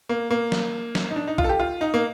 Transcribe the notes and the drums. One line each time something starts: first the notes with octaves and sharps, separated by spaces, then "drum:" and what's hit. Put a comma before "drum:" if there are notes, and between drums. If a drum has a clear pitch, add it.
A#3
A#3
drum: snare
drum: snare
D#4
D4
D#4
F4, drum: kick B1
A4
G4
F4
D#4
A#3